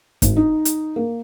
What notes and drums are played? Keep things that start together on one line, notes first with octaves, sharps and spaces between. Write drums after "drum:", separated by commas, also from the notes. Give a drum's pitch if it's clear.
G#1, drum: kick, hi-hat
D#4
drum: hi-hat
A#3